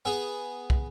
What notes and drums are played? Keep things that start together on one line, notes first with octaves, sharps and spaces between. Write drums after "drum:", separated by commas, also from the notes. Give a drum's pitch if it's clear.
B3 G#4
drum: kick